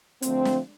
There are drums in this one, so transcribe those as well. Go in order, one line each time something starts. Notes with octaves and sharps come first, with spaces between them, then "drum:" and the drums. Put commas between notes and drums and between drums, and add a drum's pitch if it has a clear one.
D3 F3 A3 C4, drum: hi-hat
drum: snare